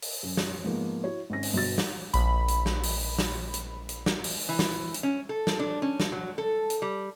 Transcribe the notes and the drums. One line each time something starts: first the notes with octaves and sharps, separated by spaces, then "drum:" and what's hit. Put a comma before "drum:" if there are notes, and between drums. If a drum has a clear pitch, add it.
drum: open hi-hat
F#2
drum: snare
G#2 F3 A#3 B3
E4 F#4 C#5
G#1 C#4 A#6
drum: open hi-hat
G1 B2 F#4 A6
drum: snare
A#1 B5, drum: hi-hat
drum: hi-hat
drum: snare
drum: open hi-hat
drum: snare
drum: hi-hat
drum: hi-hat
drum: snare
drum: open hi-hat
E3
drum: snare
drum: hi-hat
C#4
A4
drum: snare
D4
C#4
drum: snare
F#3
A4
drum: hi-hat
G3